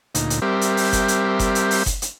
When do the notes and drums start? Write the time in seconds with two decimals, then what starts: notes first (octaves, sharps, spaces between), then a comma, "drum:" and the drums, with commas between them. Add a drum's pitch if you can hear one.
0.15 D2 A#2 D#4, drum: hi-hat
0.30 drum: hi-hat
0.42 G3 C4 G4 A#4 C5 E5
0.61 drum: hi-hat
0.77 drum: open hi-hat
0.93 drum: kick F#1, hi-hat
1.08 drum: hi-hat
1.39 drum: kick F#1, hi-hat
1.55 drum: hi-hat
1.71 drum: open hi-hat
1.86 drum: kick F#1, hi-hat
2.02 drum: hi-hat